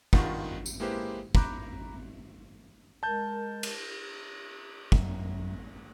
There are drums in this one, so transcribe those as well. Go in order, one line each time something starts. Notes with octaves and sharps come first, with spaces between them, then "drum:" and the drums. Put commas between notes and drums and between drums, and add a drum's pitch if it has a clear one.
G2 D#3 F4 F#5 C#6, drum: kick
drum: tambourine
G#3 A#3 E4 G4 B4 C5
A#5 B5 D6 F#6 G6, drum: kick
G#3 A#4 A5 G6
drum: cymbal
F#2, drum: kick